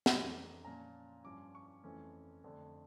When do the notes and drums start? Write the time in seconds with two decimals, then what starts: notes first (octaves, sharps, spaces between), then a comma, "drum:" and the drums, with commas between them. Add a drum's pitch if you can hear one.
0.06 F2 E3 A3 D4 A#5, drum: snare
0.64 A#2 F3 C#4 A#5
1.24 G2 F3 C#4 D6
1.55 C#6
1.84 F2 E3 A3 C#4
2.44 F2 D3 A3 D4